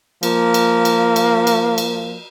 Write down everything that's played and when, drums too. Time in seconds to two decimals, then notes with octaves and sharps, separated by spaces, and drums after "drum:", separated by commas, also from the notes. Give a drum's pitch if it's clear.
0.23 F3 A#3, drum: cymbal
0.54 drum: cymbal
0.85 drum: cymbal
1.16 drum: cymbal
1.47 drum: cymbal
1.78 drum: cymbal